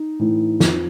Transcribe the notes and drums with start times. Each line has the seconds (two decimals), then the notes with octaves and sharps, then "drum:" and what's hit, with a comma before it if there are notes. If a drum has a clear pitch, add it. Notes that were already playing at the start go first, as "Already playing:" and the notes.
Already playing: D#4
0.19 A2 E3
0.60 F2, drum: snare